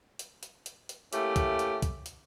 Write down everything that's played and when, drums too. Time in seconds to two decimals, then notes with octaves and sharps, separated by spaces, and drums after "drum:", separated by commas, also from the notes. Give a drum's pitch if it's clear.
0.19 drum: hi-hat
0.43 drum: hi-hat
0.66 drum: hi-hat
0.89 drum: hi-hat
1.13 A3 A#3 C#4 E4 G4, drum: hi-hat
1.36 drum: kick, hi-hat
1.59 drum: hi-hat
1.82 drum: kick, hi-hat
2.06 drum: hi-hat